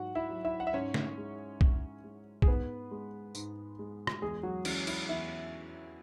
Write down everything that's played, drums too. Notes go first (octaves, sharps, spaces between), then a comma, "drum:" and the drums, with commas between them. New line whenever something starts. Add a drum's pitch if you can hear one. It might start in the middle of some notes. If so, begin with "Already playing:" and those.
Already playing: G#2 F#3 F#4 F#5
E4 E5
F#3
E4 E5
F#5
E5
G#2 C#4 C#5
drum: snare
G#3
G#2, drum: kick B1
G#3
G#4, drum: kick B1
G#2 B3 B4
G#3
G#2, drum: tambourine
G#3
drum: rim click
E2 G#3 G#4
F#3 F#4
E3 G#3 C#4 C#5, drum: cymbal
E4 E5, drum: cymbal
E2 E4 E5